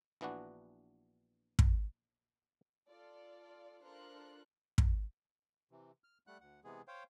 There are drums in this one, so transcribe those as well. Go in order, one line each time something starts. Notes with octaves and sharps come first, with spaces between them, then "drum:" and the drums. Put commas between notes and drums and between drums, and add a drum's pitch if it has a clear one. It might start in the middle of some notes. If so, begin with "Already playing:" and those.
A#1 E3 B3 D4 F#4
drum: kick
F4 A4 D5
D4 F4 A4 A#4 C5 F#6
drum: kick
C3 E3
F6
G3 A3 F#5 F#6
D2 F#5
C3 E3 G#3 B3 G#4
C5 C#5 F5 G5